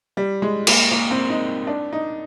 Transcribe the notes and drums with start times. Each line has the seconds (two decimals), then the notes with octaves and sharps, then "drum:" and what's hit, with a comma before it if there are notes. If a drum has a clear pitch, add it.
0.17 G3
0.42 G#3
0.67 A#3, drum: cymbal
0.92 A#3
1.11 C4
1.30 D#4
1.67 D4
1.93 D#4